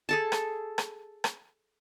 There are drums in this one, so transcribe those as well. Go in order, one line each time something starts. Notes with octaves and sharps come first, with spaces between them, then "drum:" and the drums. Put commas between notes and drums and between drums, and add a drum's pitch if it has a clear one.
G#4 A4 A5
drum: rim click
drum: rim click
drum: rim click